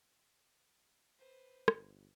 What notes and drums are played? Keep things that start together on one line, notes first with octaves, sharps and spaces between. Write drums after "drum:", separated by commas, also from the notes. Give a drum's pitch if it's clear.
B4 C5
G1, drum: rim click